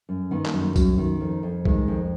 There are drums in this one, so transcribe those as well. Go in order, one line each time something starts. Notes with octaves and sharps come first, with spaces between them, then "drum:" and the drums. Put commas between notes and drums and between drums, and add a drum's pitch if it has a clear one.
F#2
D#3 B3
A#3, drum: clap
F#2
A#3
F#2 F#3, drum: kick, tambourine
D#3
F2
F2
D#3 G#3, drum: kick
F2